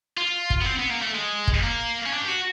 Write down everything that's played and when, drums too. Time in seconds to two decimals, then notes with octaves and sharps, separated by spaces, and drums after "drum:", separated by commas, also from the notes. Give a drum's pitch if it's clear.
0.17 F4
0.50 drum: kick
0.62 B3
0.66 C4
0.79 B3
0.91 A#3
1.02 A3
1.15 G#3
1.47 drum: kick
1.63 A#3
2.06 C#4
2.13 D4
2.22 G4
2.28 F#4